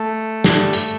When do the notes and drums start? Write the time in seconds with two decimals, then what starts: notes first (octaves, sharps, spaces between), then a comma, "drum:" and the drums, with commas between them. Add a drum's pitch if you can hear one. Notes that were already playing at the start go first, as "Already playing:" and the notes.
Already playing: A3
0.44 G2 D3, drum: snare
0.73 drum: hi-hat